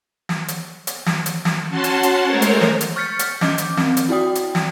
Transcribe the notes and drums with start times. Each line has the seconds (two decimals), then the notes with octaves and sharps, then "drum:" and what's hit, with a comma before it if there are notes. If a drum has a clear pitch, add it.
0.29 drum: snare
0.48 drum: hi-hat
0.87 drum: hi-hat
1.06 drum: snare
1.26 drum: hi-hat
1.45 drum: snare
1.69 C#4 F#4 F#5 A5 C6
1.84 drum: hi-hat
2.03 drum: hi-hat
2.27 G#3 A3 A#4 C5 C#5
2.42 drum: hi-hat
2.61 drum: snare
2.81 drum: hi-hat
2.96 C#6 F6 G6 A6 B6 C#7
3.19 drum: hi-hat
3.41 C#4 D#5 D6 G6, drum: snare
3.58 drum: hi-hat
3.77 C4, drum: snare
3.97 drum: hi-hat
4.09 E4 F#4 D5 G5 D#6
4.35 drum: hi-hat
4.55 drum: snare